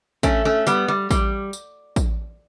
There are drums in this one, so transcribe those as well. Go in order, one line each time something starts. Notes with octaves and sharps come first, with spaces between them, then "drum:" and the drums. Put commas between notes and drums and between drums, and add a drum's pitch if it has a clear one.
A3 C#4, drum: kick, tambourine
A3 C#4
G3 B3, drum: tambourine
G3
G3, drum: kick, tambourine
drum: tambourine
drum: kick, tambourine